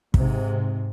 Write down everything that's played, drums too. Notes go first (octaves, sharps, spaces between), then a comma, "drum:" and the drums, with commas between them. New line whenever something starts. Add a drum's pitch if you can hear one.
G#2 C3, drum: kick